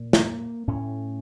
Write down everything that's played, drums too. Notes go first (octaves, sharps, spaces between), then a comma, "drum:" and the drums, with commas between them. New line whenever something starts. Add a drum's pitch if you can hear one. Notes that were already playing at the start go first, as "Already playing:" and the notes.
Already playing: A#2
A#3, drum: snare
A2 C#4